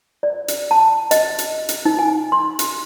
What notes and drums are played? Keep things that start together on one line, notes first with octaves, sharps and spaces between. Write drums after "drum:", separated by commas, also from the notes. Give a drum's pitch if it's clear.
D5
drum: hi-hat
A5
D#5, drum: hi-hat
drum: hi-hat
drum: hi-hat
D#4
G#5
C6
drum: hi-hat